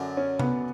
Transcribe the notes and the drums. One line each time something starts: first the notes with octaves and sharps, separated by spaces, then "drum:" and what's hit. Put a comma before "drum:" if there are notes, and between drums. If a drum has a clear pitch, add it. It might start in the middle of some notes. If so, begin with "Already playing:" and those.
Already playing: F#2 D3 F#3
C#4
B3, drum: tom C3